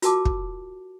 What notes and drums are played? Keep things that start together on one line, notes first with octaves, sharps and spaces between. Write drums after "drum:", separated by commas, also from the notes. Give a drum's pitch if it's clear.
F4 F#4 A#4 A5 D6, drum: hi-hat
drum: kick